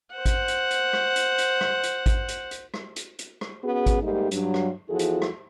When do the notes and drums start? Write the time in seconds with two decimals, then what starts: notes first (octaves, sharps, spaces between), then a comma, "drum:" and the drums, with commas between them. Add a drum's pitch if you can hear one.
0.14 C5 F#5
0.26 drum: kick G#1, hi-hat
0.48 drum: hi-hat
0.71 drum: hi-hat
0.93 drum: rim click
1.16 drum: hi-hat
1.38 drum: hi-hat
1.61 drum: rim click
1.83 drum: hi-hat
2.06 drum: kick G#1, hi-hat
2.29 drum: hi-hat
2.51 drum: hi-hat
2.74 drum: rim click
2.96 drum: hi-hat
3.19 drum: hi-hat
3.41 drum: rim click
3.64 B3 C#4 F#4 G#4
3.86 drum: kick G#1, hi-hat
4.02 G#2 G3 A3 A#3 D#4 G4
4.31 G2 F#3, drum: hi-hat
4.54 drum: rim click
4.89 E2 F3 E4 F#4 G#4 A4
4.99 drum: hi-hat
5.22 drum: rim click